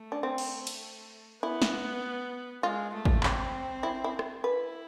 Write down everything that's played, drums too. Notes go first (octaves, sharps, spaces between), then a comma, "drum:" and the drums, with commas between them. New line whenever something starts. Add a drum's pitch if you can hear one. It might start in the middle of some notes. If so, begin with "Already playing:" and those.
Already playing: A3
D4
C4
drum: cymbal
drum: cymbal
B3 E4
drum: snare
G#3 F4
A3
drum: kick G#1
C4, drum: clap
E4
E4
drum: rim click
E4 B4